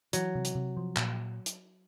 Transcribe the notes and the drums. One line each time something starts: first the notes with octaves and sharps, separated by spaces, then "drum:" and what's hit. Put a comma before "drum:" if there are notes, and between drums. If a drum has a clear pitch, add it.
E3 F#3, drum: hi-hat
C3
drum: hi-hat
C3
F3
A#2, drum: clap
drum: hi-hat